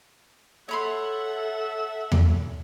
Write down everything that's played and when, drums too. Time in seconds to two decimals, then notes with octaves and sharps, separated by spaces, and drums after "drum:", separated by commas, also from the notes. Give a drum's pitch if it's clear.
0.69 A4 C#5 E5 F#5 B5 C6
2.12 drum: tom E2